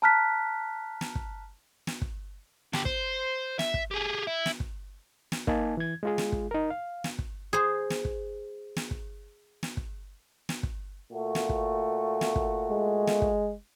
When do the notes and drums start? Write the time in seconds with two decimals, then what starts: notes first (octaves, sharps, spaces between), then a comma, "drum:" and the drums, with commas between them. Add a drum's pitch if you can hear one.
0.02 A5 A#5 F6 F#6 B6
1.01 drum: snare
1.15 drum: kick
1.87 drum: snare
2.02 drum: kick
2.73 D3 G4, drum: snare
2.85 C5, drum: kick
3.59 E5, drum: snare
3.74 drum: kick
3.91 G4 G#4
4.27 E4
4.46 drum: snare
4.60 drum: kick
5.32 drum: snare
5.47 A#3 D#4 G#5 A5, drum: kick
5.77 E3 G#6
6.03 G#3 F4 G#4
6.18 drum: snare
6.32 drum: kick
6.51 D#4 A#4
6.70 F5
7.04 drum: snare
7.19 drum: kick
7.53 G#4 C5
7.90 drum: snare
8.05 drum: kick
8.76 drum: snare
8.91 drum: kick
9.63 drum: snare
9.77 drum: kick
10.49 drum: snare
10.63 drum: kick
11.12 A#2 A3 F#4
11.35 drum: snare
11.49 drum: kick
12.21 drum: snare
12.36 drum: kick
12.71 G#3
13.07 drum: snare
13.22 drum: kick